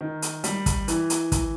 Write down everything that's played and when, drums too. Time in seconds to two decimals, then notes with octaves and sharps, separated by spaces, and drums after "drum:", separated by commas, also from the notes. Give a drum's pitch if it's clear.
0.01 D#3
0.22 drum: hi-hat
0.44 G3, drum: hi-hat
0.66 drum: kick, hi-hat
0.88 E3, drum: hi-hat
1.10 drum: hi-hat
1.32 E3, drum: kick, hi-hat